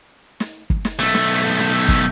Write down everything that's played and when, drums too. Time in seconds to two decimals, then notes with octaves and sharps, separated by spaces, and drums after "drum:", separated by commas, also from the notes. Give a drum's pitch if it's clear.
0.40 drum: snare
0.70 drum: kick
0.85 drum: snare
1.00 B1 A3
1.14 drum: snare
1.59 drum: snare
1.88 drum: kick